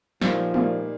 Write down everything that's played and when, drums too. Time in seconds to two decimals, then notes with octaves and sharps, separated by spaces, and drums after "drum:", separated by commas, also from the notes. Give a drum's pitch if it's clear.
0.22 A#2 F3 G3 A#3 D#4, drum: snare
0.54 A#2 G3 A#3 D#4, drum: tom G#3